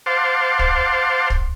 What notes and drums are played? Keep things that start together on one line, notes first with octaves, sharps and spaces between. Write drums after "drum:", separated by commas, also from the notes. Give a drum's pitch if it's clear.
C5 F5 F#5 A5 C6 D6
drum: kick
drum: kick